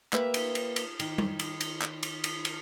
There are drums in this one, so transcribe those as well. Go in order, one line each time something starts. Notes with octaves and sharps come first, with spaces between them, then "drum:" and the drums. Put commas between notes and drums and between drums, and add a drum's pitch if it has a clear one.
A#3 G4 B4 E5, drum: clap
drum: cymbal
drum: cymbal
drum: cymbal
D#3, drum: cymbal
drum: tom G3
drum: cymbal
drum: cymbal
drum: clap
drum: cymbal
drum: cymbal
drum: cymbal